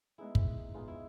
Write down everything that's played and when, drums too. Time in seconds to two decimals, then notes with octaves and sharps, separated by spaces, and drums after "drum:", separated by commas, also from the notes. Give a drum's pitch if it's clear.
0.18 G#3 B3 D#4 E4 G#4
0.35 drum: kick
0.74 G#3 B3 D#4 F4 G#4
0.88 E4